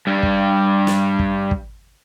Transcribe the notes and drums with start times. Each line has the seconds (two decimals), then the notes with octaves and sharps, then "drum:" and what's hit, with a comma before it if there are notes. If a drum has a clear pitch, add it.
0.07 G2 G3
0.23 drum: kick
0.87 drum: snare
1.19 drum: kick
1.51 drum: kick